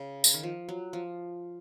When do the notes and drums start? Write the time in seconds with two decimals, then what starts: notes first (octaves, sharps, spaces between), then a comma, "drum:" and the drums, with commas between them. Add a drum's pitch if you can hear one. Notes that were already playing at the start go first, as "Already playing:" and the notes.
Already playing: C#3
0.24 drum: tambourine
0.34 D#3
0.43 F3
0.69 F#3
0.93 F3